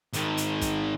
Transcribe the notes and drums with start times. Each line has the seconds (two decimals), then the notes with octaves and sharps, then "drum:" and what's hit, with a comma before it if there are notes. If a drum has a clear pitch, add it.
0.13 G#2 D#3, drum: hi-hat
0.37 drum: hi-hat
0.61 drum: kick, hi-hat